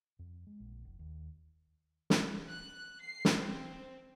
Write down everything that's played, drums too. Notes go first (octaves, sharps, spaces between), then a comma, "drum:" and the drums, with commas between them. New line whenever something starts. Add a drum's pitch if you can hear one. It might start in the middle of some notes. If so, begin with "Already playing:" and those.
F2
G#3
A#1
F1
D#2
drum: snare
F#6
C7
drum: snare
C4